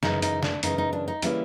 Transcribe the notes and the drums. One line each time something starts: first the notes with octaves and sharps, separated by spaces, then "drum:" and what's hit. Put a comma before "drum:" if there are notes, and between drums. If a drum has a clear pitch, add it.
F#2 C#3 E3 D#4, drum: snare
D#4, drum: hi-hat
D4, drum: snare
F#2 C#3 E3 D#4, drum: hi-hat
D#4
D4
D#4
C#3 E3 G3 A#3 C#4 E4, drum: hi-hat